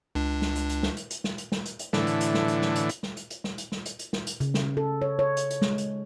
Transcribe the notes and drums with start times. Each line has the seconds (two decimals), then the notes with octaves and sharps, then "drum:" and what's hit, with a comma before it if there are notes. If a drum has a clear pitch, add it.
0.15 C#2 D4
0.42 drum: snare
0.55 drum: hi-hat
0.69 drum: hi-hat
0.83 drum: snare
0.97 drum: hi-hat
1.10 drum: hi-hat
1.24 drum: snare
1.38 drum: hi-hat
1.52 drum: snare
1.65 drum: hi-hat
1.79 drum: hi-hat
1.93 A2 D3 E3, drum: snare
2.07 drum: hi-hat
2.20 drum: hi-hat
2.34 drum: snare
2.48 drum: hi-hat
2.62 drum: snare
2.75 drum: hi-hat
2.89 drum: hi-hat
3.03 drum: snare
3.17 drum: hi-hat
3.30 drum: hi-hat
3.44 drum: snare
3.58 drum: hi-hat
3.72 drum: snare
3.85 drum: hi-hat
3.99 drum: hi-hat
4.13 drum: snare
4.27 drum: hi-hat
4.40 C#3, drum: hi-hat
4.54 drum: snare
4.77 A4
5.02 C#5
5.19 C#5
5.37 drum: hi-hat
5.50 drum: hi-hat
5.62 G#3, drum: snare
5.78 drum: hi-hat